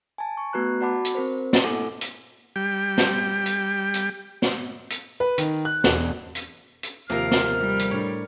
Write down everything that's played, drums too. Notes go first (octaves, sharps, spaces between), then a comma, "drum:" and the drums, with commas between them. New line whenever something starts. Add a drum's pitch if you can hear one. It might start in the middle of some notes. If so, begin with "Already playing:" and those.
G#5 A5
C#6
A3 B3 F#4 B4 A#5 F#6
F#4 D5 F#5 A5 B5 D6
drum: hi-hat
C4 A#4 C5
drum: snare
A#3 E4 A4 F#5 G#5 D6
drum: hi-hat
G3 G5
drum: snare
drum: hi-hat
drum: hi-hat
drum: snare
drum: hi-hat
B4
D#3, drum: hi-hat
F#6
E1, drum: snare
drum: hi-hat
drum: hi-hat
D#2 C3 F3 A#4 F5 F6
drum: snare
G3
drum: hi-hat
A2 D4 C#5